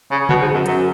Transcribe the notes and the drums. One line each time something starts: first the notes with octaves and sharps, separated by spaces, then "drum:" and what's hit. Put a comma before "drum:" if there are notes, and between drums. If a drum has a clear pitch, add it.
C#3
B2, drum: tom C#3
G#2
F#2
F#2, drum: hi-hat